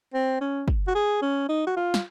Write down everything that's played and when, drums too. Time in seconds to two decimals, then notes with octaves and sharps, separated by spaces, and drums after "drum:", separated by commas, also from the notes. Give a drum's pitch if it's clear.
0.14 C4
0.41 C#4
0.68 drum: kick
0.87 F#4
0.95 G#4
1.22 C#4
1.49 D#4
1.67 F#4
1.76 F4
1.94 drum: snare